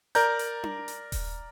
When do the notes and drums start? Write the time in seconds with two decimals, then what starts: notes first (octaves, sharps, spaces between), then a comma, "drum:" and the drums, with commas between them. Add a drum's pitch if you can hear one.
0.15 A#4 D5 A#5 G6, drum: hi-hat
0.39 drum: hi-hat
0.64 drum: tom D4
0.88 drum: hi-hat
1.12 drum: kick D#1, open hi-hat